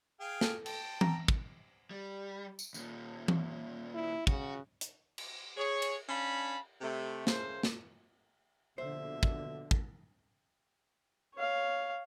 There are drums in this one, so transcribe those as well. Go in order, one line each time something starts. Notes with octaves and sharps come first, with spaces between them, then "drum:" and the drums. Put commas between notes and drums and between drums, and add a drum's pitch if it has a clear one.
G#4 F5 G5
A4, drum: snare
G5 A5, drum: cymbal
A#5, drum: tom E3
drum: kick
G3
drum: tambourine
D#2 A#2, drum: tambourine
drum: tom E3
E4
C#3 F#4, drum: kick
drum: hi-hat
drum: cymbal
G#4 C#5
drum: cymbal
C#4 D4 F5 A5 B5
C3 A3
C#3 A3 A#3 C5, drum: snare
drum: snare
A#1 B2 D3 C5 E5
drum: kick
drum: kick
C#5 F5